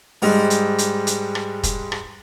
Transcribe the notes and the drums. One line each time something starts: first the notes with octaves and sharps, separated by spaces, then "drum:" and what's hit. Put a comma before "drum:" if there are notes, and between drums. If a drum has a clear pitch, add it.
G#2 G3 G#3, drum: open hi-hat
drum: hi-hat
drum: hi-hat
drum: hi-hat
drum: rim click
drum: kick F1, hi-hat
drum: rim click